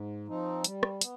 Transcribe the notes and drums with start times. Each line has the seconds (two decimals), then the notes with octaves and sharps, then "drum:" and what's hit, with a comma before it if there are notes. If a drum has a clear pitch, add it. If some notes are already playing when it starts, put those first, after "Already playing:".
Already playing: G#2
0.28 F3 C4 D#4
0.64 G3, drum: hi-hat
0.83 drum: rim click
1.01 B3, drum: hi-hat